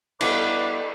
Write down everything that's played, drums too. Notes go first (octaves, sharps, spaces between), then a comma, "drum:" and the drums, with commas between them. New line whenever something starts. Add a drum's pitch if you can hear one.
G3 B3 E4 A4 B4 D5 D#5 D6, drum: cymbal